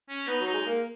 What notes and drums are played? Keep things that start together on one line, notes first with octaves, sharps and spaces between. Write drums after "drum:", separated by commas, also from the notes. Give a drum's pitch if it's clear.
C#4
B3 D#4
F#3, drum: open hi-hat
D#4
G#3
A#3